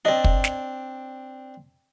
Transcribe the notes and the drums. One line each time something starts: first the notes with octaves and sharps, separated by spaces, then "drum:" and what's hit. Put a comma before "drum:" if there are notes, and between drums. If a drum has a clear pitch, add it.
C4 D4 D5 D#5
drum: kick
drum: snare